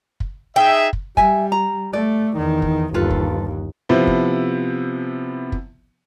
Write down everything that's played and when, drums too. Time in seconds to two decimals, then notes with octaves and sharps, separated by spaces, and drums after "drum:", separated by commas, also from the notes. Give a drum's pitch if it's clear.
0.20 drum: kick
0.56 D#4 G#4 E5 G5
0.93 drum: kick
1.17 G3 E5 G#5, drum: kick
1.52 A#5
1.93 A3 D5
2.35 E2 D#3
2.62 drum: kick
2.94 G1 D#2 F4 A4 B4
3.10 drum: kick
3.89 C3 F3 B3 E4
4.07 drum: kick
5.52 drum: kick